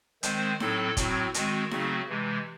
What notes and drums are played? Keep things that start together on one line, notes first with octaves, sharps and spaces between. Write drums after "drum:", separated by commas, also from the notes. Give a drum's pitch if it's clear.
D#3 G#3 C4 C5, drum: hi-hat
A2 F#3 C4 A4, drum: snare D#4
A2 F#3 C4 F#4, drum: kick, hi-hat
D#3 G#3 C4 F#4, drum: hi-hat
C#3 F#3 A3 C4, drum: snare D#4
C3 E3 G#3